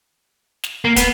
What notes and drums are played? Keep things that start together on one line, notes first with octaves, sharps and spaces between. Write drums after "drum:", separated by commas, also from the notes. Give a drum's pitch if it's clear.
drum: snare
A#3
B3, drum: kick, hi-hat